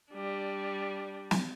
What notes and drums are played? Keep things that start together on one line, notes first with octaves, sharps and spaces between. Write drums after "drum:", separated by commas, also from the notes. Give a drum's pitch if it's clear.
G3 D4
drum: snare